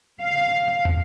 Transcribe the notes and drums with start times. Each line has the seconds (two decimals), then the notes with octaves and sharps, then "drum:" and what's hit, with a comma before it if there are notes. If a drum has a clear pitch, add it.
0.20 F5
0.85 drum: tom